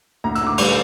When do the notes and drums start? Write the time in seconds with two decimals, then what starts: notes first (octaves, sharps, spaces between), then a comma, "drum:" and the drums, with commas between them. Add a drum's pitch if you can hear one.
0.24 D2 A#5
0.35 E6, drum: hi-hat
0.41 D2
0.47 D6
0.58 G3 C#6, drum: cymbal